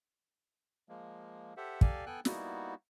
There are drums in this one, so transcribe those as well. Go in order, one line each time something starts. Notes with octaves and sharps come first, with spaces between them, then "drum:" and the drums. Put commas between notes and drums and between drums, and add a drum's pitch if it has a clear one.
F3 G#3 A#3
G4 A4 C5 E5 F#5
G4 A4 D5 F5 G#5, drum: kick
B3 A4 G5 G#5 F#6
G3 A#3 B3 D#4 E4 F#4, drum: snare